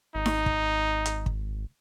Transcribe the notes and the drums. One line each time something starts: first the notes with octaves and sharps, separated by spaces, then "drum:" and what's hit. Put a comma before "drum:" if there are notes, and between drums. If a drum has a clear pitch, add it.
G#1 D#4
drum: snare D#4
drum: kick
drum: hi-hat
drum: kick